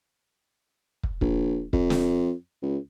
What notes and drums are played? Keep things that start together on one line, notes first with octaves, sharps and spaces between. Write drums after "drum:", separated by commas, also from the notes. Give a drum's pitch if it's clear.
drum: kick
A#1, drum: kick
F2, drum: kick
drum: snare
C#2